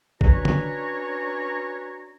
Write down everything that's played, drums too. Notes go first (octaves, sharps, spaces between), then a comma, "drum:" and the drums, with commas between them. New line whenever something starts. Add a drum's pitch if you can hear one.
C#4 D4 F#4 B4 C#5 A#5, drum: kick
drum: tom